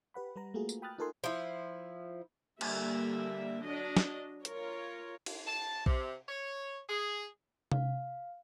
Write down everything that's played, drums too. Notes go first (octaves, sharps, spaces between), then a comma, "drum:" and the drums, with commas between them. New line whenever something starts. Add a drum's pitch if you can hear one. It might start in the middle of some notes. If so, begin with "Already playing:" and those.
G4 B4 F#5 B5
G3 B4 A#5
A3 A#3 F4 F#4 G#4
drum: tambourine
G5 B5 D#6 F6 F#6 A6
D#4 F4 A4 A#4 G#5 C6
F3 E4
D3 G3 A#3 E5, drum: cymbal
F#3 D4 D#5
drum: snare
F4 A#4 C#5, drum: hi-hat
drum: cymbal
A5
C3, drum: kick A#1
C#5
G#4
F5, drum: tom C3